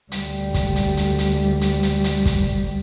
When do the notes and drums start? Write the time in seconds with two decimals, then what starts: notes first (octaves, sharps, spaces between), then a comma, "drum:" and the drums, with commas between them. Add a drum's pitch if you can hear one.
0.12 D2 G3, drum: hi-hat
0.54 drum: kick, hi-hat
0.76 drum: hi-hat
0.97 drum: hi-hat
1.19 drum: hi-hat
1.61 drum: hi-hat
1.83 drum: hi-hat
2.04 drum: hi-hat
2.26 drum: kick, hi-hat